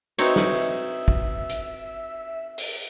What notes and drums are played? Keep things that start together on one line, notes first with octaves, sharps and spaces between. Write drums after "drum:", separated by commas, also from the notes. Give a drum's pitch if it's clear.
C4 D#4 F#4 B4 C#5 D#5 E5, drum: cymbal
drum: snare
drum: kick
drum: hi-hat
drum: open hi-hat